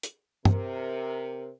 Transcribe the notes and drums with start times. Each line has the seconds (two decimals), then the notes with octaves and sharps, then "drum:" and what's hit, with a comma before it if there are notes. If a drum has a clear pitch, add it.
0.03 drum: hi-hat
0.45 C3 A#4, drum: tom